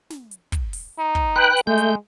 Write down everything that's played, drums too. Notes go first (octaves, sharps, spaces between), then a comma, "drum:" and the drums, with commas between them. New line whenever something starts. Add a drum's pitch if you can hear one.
drum: snare
drum: hi-hat
drum: kick, hi-hat
drum: open hi-hat
D#4
drum: kick
B4 G5 F#6
drum: hi-hat
G#3 A3 G6
drum: hi-hat